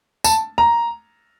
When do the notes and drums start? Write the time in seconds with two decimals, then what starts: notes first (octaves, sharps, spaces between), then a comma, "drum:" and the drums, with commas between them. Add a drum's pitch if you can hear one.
0.24 A5, drum: tambourine
0.58 A#5